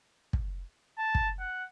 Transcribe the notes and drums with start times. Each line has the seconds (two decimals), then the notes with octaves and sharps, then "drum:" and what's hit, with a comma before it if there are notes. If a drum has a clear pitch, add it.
0.33 drum: kick
0.98 A5
1.15 drum: kick
1.40 F#5